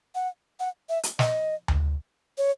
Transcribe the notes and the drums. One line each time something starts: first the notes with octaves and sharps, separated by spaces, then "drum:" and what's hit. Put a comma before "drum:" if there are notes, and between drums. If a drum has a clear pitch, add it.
F#5
F#5
E5
drum: hi-hat
D#5, drum: snare
drum: tom D2
C#5